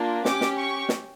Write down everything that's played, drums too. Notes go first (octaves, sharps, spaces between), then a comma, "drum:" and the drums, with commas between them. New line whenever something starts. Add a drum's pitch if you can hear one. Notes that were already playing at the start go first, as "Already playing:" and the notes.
Already playing: A#3 D4 F4
C#4 G4 D6, drum: snare
drum: snare
C#6
drum: snare